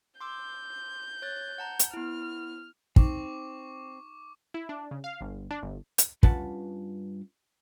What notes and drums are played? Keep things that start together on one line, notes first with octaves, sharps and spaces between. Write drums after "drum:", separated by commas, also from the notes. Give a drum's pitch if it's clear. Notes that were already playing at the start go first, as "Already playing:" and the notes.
C6 D6 E6 G6
C#5 F#6 A6
F#5 A5 A#5
drum: hi-hat
B3 E4 F6
C4 D#4 C#6 D6, drum: kick
E4
D4
C#3
F5
G1
D4
G1
drum: hi-hat
G2 C#4 F4 B4 F#5 A5, drum: kick